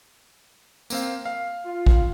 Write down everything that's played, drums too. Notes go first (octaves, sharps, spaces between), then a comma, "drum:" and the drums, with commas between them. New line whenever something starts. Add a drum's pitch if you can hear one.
A#3 C4 F5, drum: tambourine
F5
F4
drum: kick